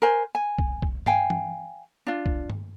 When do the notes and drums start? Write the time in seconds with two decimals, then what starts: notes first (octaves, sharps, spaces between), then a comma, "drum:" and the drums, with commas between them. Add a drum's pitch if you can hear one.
0.02 A#4 C5 G#5
0.35 G#5
0.59 drum: kick C2
0.82 drum: kick C2
1.06 F5 G5 G#5, drum: tom
1.30 drum: tom
2.07 D4 F4
2.26 drum: kick C2
2.50 drum: tom